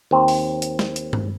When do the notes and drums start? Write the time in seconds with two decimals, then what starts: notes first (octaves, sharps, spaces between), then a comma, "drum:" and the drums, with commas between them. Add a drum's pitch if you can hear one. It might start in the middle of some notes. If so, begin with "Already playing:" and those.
0.11 D#2 C4
0.28 drum: open hi-hat
0.62 drum: hi-hat
0.79 drum: snare
0.96 drum: hi-hat
1.13 drum: tom G2